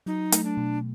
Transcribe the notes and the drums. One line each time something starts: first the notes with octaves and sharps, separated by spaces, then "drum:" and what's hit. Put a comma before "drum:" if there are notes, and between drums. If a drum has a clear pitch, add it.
F#3 D#4
A3, drum: hi-hat
D4
B2